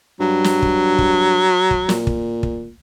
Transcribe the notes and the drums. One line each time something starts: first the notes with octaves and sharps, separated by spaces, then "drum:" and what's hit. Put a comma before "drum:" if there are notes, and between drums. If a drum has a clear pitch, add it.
G2 F#3
drum: snare
drum: kick
drum: kick
drum: kick
A#2, drum: snare
drum: kick
drum: kick